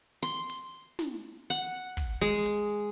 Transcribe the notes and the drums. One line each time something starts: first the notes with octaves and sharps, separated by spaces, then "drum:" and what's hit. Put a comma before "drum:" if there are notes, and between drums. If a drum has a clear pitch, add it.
C6
drum: hi-hat
drum: snare
F#5, drum: hi-hat
drum: kick, hi-hat
G#3
drum: hi-hat